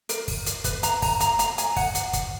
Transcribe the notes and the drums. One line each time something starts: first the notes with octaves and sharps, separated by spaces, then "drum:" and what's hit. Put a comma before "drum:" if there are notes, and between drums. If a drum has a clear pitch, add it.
A#4, drum: hi-hat
drum: kick, open hi-hat
drum: hi-hat
B4, drum: kick, hi-hat
A#5, drum: hi-hat
A#5, drum: kick, open hi-hat
A#5, drum: hi-hat
A#5, drum: hi-hat
G#5, drum: hi-hat
F#5, drum: kick, open hi-hat
drum: hi-hat
drum: kick, hi-hat